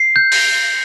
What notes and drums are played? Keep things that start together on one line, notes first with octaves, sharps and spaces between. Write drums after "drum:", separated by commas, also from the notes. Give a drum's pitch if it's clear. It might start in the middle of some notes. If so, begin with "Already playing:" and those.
Already playing: C7
G6
drum: open hi-hat